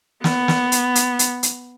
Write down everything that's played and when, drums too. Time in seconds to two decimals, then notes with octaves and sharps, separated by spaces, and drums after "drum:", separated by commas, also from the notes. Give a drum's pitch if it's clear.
0.24 B3, drum: snare
0.48 drum: snare
0.72 drum: hi-hat
0.95 drum: hi-hat
1.19 drum: hi-hat
1.43 drum: hi-hat